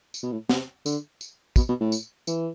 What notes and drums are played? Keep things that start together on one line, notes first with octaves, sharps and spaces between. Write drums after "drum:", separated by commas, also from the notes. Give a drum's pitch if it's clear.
drum: tambourine
B2
A2
C3, drum: snare
D3, drum: tambourine
drum: tambourine
B2, drum: kick, tambourine
B2
A2
drum: tambourine
E3, drum: tambourine